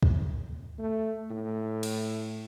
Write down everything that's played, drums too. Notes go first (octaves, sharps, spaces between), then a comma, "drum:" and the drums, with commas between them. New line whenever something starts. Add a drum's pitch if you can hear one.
drum: kick
A3
A2
drum: cymbal